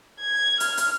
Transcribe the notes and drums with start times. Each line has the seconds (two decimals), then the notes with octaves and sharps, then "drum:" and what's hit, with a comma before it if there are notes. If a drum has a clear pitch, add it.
0.20 G#6
0.60 F6, drum: hi-hat
0.77 drum: hi-hat